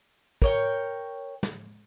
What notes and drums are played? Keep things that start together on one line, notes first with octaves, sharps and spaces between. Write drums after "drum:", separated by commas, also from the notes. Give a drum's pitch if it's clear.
A#4 C#5 G5, drum: kick
drum: snare